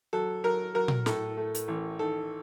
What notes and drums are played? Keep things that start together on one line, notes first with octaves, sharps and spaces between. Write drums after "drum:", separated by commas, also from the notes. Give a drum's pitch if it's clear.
F#3 A4
F#3 A#4
F#3 A#4
drum: tom A#2
A2 A4, drum: snare
A3
drum: hi-hat
A1
D#3 A4